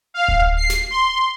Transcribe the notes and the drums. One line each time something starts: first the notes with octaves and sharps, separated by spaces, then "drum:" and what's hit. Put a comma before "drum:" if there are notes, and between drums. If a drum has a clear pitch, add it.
F5
drum: kick D1
C7
drum: snare
C6